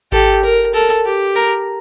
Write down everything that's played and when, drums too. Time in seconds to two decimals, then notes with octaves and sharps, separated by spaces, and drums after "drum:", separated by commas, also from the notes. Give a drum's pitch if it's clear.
0.12 G4 A4, drum: kick G#1
0.43 A#4
0.74 A4 A#4
1.05 G4
1.36 A#4